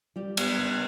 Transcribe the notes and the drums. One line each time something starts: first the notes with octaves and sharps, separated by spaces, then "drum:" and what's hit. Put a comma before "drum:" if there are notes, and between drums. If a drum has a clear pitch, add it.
G3 G4
B3, drum: cymbal
C#3